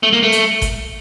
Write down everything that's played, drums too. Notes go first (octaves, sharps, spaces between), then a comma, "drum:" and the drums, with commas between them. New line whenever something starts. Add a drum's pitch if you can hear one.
A3
A#3
A3
drum: hi-hat
drum: kick G1, hi-hat